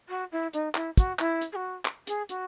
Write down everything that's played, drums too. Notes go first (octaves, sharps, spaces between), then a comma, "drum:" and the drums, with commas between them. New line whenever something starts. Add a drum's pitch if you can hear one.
F#4
E4
D#4, drum: hi-hat
E4, drum: clap
F#4, drum: kick, hi-hat
E4, drum: clap
drum: hi-hat
G#4
F#4
drum: clap
G#4, drum: hi-hat
F#4, drum: hi-hat